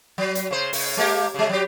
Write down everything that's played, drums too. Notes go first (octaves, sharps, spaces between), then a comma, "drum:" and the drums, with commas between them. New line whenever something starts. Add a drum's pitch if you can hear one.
F#3
drum: hi-hat
C#3 C5
C#3, drum: open hi-hat
G#3 A#3 G4
C#3 G#3
F#3 G4